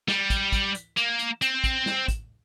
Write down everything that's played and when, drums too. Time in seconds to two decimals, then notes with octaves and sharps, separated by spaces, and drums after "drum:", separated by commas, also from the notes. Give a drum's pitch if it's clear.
0.08 G3, drum: snare
0.30 drum: kick, hi-hat
0.52 drum: kick, hi-hat
0.75 drum: hi-hat
0.97 A#3, drum: hi-hat
1.19 drum: hi-hat
1.42 C4, drum: hi-hat
1.64 drum: kick, hi-hat
1.86 drum: snare
2.08 drum: kick, hi-hat